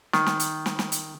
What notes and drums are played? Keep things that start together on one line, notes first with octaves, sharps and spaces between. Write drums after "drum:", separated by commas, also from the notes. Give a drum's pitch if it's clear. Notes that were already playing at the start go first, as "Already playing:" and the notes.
D#3, drum: snare
drum: snare
drum: hi-hat
drum: snare
drum: snare
drum: hi-hat